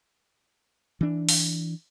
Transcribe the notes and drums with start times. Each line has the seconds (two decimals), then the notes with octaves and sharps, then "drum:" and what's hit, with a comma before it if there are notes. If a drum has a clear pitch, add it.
1.01 E3 D4
1.29 drum: open hi-hat